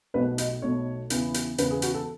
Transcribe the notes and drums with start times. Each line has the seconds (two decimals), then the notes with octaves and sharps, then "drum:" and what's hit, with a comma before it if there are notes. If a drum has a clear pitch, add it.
0.14 B1 B2 A3 B4
0.38 D#5, drum: hi-hat
0.62 B1 B2 A3 C#5
1.10 E2 C#3 E3 B3, drum: hi-hat
1.34 drum: hi-hat
1.58 E2 C#3 E3 B3 B4, drum: hi-hat
1.71 G#4
1.82 F#4, drum: hi-hat
1.94 A4